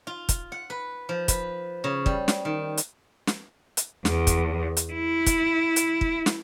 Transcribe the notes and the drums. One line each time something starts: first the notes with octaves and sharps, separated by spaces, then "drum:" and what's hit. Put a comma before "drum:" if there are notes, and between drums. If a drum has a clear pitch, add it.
F4
drum: kick, hi-hat
F#5
B4
F3
B4, drum: kick, hi-hat
C#3
G3, drum: kick
drum: snare
D#3
drum: hi-hat
drum: snare
drum: hi-hat
E2, drum: snare
drum: kick, hi-hat
drum: hi-hat
E4
drum: kick, hi-hat
drum: hi-hat
drum: kick
drum: snare